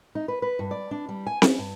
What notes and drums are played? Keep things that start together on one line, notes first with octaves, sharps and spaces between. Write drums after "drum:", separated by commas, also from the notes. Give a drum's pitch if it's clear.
D#4
B4
B4
G2
D5
D4
G3
G#5
C#4, drum: snare C4
G2